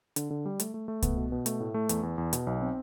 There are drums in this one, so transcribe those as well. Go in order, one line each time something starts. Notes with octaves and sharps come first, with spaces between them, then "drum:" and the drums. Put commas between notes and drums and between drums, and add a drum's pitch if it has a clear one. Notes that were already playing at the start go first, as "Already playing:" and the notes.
D3, drum: hi-hat
D3
G3
A3, drum: hi-hat
A3
A3
B3, drum: kick C2, hi-hat
B2
B2
A3, drum: hi-hat
A2
A3
E2, drum: hi-hat
E2
E2
B2, drum: hi-hat
B1
C4